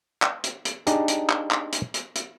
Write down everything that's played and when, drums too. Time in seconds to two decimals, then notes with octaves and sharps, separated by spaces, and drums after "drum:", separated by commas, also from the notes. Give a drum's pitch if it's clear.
0.22 drum: clap
0.44 drum: hi-hat
0.65 drum: hi-hat
0.87 D4 D#4 G4 G#4, drum: hi-hat
1.08 drum: hi-hat
1.29 drum: clap
1.51 drum: clap
1.72 drum: hi-hat
1.94 drum: hi-hat
2.15 drum: hi-hat